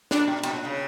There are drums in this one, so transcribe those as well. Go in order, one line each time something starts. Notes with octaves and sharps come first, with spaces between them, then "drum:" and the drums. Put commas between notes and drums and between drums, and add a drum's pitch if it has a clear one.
A#2 D4, drum: snare
B2
B2, drum: cymbal
A#2
C#3